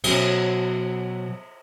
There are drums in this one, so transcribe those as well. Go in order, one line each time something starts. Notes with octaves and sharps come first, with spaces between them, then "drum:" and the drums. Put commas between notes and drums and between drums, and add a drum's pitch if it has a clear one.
B2 F#3 C#4, drum: cymbal